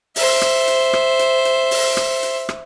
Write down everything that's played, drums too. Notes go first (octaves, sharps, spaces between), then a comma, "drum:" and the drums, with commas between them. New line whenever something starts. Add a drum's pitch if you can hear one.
C5 E5, drum: open hi-hat
drum: rim click
drum: hi-hat
drum: rim click
drum: hi-hat
drum: hi-hat
drum: open hi-hat
drum: rim click
drum: hi-hat
drum: rim click